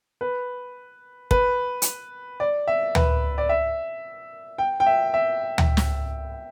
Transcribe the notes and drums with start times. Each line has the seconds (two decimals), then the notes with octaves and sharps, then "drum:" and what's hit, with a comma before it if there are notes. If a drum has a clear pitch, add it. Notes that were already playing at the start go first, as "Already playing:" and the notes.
0.21 B4
1.31 B4, drum: kick
1.82 drum: hi-hat
2.40 D5
2.67 E5
2.95 B4, drum: tom D2
3.38 D5
3.49 E5
4.58 G5
4.80 G5
4.86 E5
5.14 E5
5.58 drum: tom D2
5.77 drum: snare